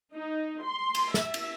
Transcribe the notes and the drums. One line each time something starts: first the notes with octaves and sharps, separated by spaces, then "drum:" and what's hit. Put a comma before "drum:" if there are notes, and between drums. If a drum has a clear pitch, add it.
D#4
C6
drum: cymbal
E5, drum: snare
drum: cymbal